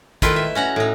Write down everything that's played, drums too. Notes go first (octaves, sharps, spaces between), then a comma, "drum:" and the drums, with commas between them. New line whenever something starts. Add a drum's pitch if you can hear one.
D#3 A3 E4 F4 B4 G5, drum: kick, hi-hat
E5
C#4 F#4 F#5 A#5
A2 D#4